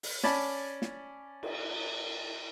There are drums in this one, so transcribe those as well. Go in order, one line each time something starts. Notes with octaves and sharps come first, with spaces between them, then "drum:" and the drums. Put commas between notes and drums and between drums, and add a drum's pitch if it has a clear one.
drum: open hi-hat
C#4 D5 A5 B5, drum: snare
drum: snare
drum: cymbal